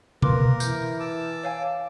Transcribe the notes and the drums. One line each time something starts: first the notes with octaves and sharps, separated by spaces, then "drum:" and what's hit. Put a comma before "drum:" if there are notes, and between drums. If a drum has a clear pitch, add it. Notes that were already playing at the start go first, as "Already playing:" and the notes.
A#3 A#4 B4 C6 D6, drum: tom B2
E3 G6, drum: tambourine
A5 D6 E6
C#5 F5 G#5